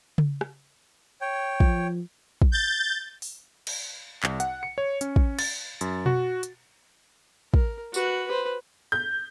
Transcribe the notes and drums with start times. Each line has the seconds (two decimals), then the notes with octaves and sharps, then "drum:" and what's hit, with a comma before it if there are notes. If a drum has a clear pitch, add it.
0.18 drum: tom C#3
0.41 drum: rim click
1.21 C#5 G5
1.60 F3, drum: kick
2.42 drum: kick
2.52 G6 A6
3.22 drum: open hi-hat
3.67 drum: cymbal
4.23 C2, drum: clap
4.40 F#5, drum: hi-hat
4.63 C#7
4.78 C#5
5.01 C#4, drum: hi-hat
5.16 drum: kick
5.39 A6, drum: cymbal
5.81 F#2, drum: hi-hat
6.06 F#4, drum: tom B2
6.43 drum: hi-hat
7.54 A#4, drum: kick
7.94 F#4 B4, drum: tambourine
8.28 B4 C5
8.92 G6